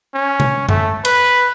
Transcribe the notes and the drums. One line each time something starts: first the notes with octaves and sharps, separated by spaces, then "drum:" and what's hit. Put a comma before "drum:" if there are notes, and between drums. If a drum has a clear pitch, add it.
C#4
drum: tom C3
A3, drum: tom F#2
B4, drum: cymbal